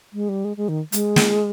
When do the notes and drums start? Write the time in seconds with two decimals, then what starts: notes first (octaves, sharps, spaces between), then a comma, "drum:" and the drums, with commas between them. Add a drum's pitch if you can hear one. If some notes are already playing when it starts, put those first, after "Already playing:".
0.13 G#3
0.29 G3
0.45 G#3
0.57 G#3
0.69 D#3
0.92 G#3, drum: hi-hat
1.16 drum: snare